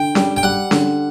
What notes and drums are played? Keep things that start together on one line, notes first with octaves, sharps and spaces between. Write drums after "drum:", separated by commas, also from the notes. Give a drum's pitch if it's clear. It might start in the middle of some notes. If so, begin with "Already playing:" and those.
Already playing: D3 G5
G3, drum: snare C#4
G5
G3 F#5
D3, drum: snare C#4